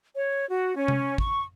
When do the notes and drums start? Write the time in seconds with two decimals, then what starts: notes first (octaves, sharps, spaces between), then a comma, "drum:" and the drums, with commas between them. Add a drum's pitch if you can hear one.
0.14 C#5
0.48 F#4
0.75 C#4
0.88 drum: tom C3
1.18 C#6, drum: kick